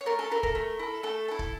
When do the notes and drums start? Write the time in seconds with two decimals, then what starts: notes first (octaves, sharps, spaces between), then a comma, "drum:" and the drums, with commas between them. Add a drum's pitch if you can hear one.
0.01 C#5
0.06 A3 A#4
0.19 A4
0.31 E4 A4 A#4
0.43 A#4, drum: kick
0.55 A3
0.79 E4 A4
1.03 A3 A4
1.28 E4 A4
1.39 drum: kick